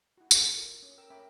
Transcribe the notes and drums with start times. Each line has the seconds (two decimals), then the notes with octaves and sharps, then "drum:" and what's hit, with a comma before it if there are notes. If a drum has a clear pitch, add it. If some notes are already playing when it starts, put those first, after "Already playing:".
0.18 E4 F#4
0.31 D4 F4 F#4 A4, drum: tambourine
0.56 A#4
0.83 C#4
0.98 A#4 G5 E6
1.10 C#4 A#4 E5 G5 B5 D6